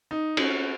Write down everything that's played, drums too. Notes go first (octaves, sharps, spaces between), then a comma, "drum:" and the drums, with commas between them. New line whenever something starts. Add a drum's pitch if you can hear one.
D#4
C#4, drum: cymbal